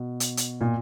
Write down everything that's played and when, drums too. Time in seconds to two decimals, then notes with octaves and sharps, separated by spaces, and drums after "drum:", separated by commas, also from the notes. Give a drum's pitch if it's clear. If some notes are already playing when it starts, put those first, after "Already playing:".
Already playing: B2
0.20 drum: hi-hat
0.37 drum: hi-hat
0.61 A#2